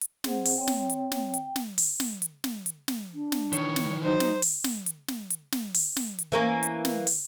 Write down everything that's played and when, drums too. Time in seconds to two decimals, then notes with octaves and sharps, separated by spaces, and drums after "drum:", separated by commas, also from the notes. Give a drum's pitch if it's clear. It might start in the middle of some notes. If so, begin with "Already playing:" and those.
0.01 drum: hi-hat
0.24 C4 G#4 C5 F#5, drum: snare
0.45 drum: open hi-hat
0.58 C4 C#5 G5
0.67 drum: snare
0.89 drum: hi-hat
1.12 drum: snare
1.34 G5, drum: hi-hat
1.56 drum: snare
1.78 drum: open hi-hat
2.00 drum: snare
2.22 drum: hi-hat
2.44 drum: snare
2.66 drum: hi-hat
2.88 drum: snare
3.14 D4
3.32 drum: snare
3.53 D#3 E3 C#5, drum: hi-hat
3.76 drum: snare
4.03 F#3 D#4 C5
4.20 drum: snare
4.42 drum: open hi-hat
4.64 drum: snare
4.86 drum: hi-hat
5.08 drum: snare
5.30 drum: hi-hat
5.52 drum: snare
5.74 drum: open hi-hat
5.96 drum: snare
6.19 drum: hi-hat
6.32 E3 A#3 C#4
6.63 drum: hi-hat
6.85 drum: snare
7.07 drum: open hi-hat